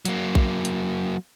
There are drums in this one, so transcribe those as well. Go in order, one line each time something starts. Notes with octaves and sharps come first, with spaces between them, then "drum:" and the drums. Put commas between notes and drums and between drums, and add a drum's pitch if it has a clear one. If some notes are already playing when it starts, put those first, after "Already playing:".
F#3 A#3, drum: hi-hat
drum: kick A#1
drum: hi-hat